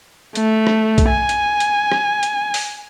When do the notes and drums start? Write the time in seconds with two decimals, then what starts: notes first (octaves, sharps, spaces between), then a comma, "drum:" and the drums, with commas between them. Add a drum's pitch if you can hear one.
0.35 A3, drum: hi-hat
0.67 drum: rim click
0.98 drum: kick B1, hi-hat
1.09 G#5
1.29 drum: hi-hat
1.60 drum: hi-hat
1.92 drum: rim click
2.23 drum: hi-hat
2.54 drum: open hi-hat